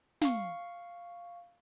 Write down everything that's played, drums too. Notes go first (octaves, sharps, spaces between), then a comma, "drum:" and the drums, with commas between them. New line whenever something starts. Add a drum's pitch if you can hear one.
F5 C#6, drum: snare